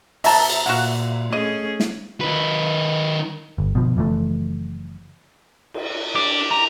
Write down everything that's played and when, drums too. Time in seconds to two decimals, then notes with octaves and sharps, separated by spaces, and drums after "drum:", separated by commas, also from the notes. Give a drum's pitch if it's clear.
0.24 B2 E5 A5 A#5, drum: open hi-hat
0.49 drum: cymbal
0.66 A#2 F#4 F5 F#5
1.32 A3 C#4 G#4 D#5
1.80 drum: snare
2.21 D#3 B4
3.58 G1
3.75 B2 F3
3.97 F#1 E3 F3 A3
5.74 drum: cymbal
6.15 D4 G4
6.51 A#5